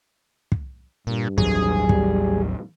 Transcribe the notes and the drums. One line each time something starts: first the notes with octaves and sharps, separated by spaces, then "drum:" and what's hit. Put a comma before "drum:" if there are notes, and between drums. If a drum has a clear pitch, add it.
drum: kick
G2 A#2
A1 D#2 F#3 G#4, drum: kick
G3, drum: kick